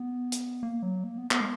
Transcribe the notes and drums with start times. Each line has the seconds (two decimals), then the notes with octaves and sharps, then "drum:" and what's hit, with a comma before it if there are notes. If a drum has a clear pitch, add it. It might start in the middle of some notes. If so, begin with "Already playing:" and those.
Already playing: B3
0.32 drum: hi-hat
0.63 A#3
0.83 F#3
1.04 A#3
1.18 B3
1.31 B3, drum: clap
1.41 G#3